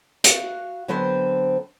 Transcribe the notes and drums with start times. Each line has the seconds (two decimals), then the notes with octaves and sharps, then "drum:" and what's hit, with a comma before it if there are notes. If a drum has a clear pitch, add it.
0.24 F#4 F5, drum: hi-hat
0.88 D3 F#3 B3 C4 C5 D#5